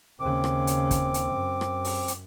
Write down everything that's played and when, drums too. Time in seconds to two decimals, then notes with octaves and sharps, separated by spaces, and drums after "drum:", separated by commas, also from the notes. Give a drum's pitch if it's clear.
0.20 D#2 C#3 C4 D6
0.44 drum: rim click
0.67 drum: hi-hat
0.91 drum: kick, hi-hat
1.14 drum: hi-hat
1.32 F#2
1.61 drum: rim click
1.84 drum: open hi-hat
2.08 drum: hi-hat